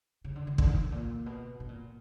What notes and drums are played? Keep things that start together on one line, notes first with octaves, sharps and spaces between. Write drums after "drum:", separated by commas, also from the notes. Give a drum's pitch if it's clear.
C#3
D3
C#3
D3, drum: kick
D#3
D3
A2
A#2
B2
B2
A#2